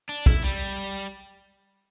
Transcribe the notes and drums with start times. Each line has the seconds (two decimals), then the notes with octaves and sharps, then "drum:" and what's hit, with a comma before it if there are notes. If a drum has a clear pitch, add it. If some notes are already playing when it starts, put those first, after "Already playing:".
0.09 D4
0.26 E4, drum: kick
0.44 G3